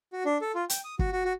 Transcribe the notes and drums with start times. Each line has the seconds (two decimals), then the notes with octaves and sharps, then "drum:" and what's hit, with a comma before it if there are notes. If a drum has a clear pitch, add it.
0.13 F#4
0.25 D4
0.41 A4
0.55 F4
0.70 G5, drum: hi-hat
0.84 D#6
0.99 F#4, drum: kick
1.12 F#4
1.25 F#4